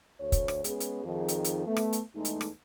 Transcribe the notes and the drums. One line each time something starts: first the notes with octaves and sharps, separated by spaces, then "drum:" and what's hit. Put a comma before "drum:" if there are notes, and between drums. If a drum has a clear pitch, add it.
D2 C#5
drum: kick, hi-hat
drum: rim click
G#3 B3 C#4 G#4, drum: hi-hat
drum: hi-hat
F2 D#3 F3 D#4 G#4
drum: hi-hat
drum: hi-hat
A3 B3
drum: rim click
drum: hi-hat
E2 G#3 A3 D#4
drum: hi-hat
drum: rim click